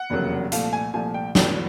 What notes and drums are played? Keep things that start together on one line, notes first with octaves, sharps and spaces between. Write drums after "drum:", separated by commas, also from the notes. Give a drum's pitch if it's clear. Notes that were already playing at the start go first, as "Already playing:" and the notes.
Already playing: F#5
F1 E2 C#3 F#3 A#3
C2 A#2 F3 A3 F5, drum: hi-hat
G#5
C2 A#2 F3 A3 G#5
G5
G1 G2 E3 A3 G5, drum: snare